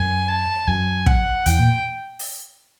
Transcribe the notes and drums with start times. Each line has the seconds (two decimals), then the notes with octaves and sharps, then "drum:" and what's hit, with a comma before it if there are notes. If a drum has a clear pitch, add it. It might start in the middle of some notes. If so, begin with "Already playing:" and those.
Already playing: F#2 F#3 G#5
0.28 A5
0.68 F#2 F#3 G#5
1.06 F#5, drum: kick
1.46 E2 E3 G5, drum: hi-hat
1.59 A#2
2.19 drum: open hi-hat